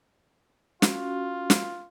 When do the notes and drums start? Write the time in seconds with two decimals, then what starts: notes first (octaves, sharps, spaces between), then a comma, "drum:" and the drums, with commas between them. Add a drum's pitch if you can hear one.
0.82 C#4 F4 F#4, drum: snare
1.50 drum: snare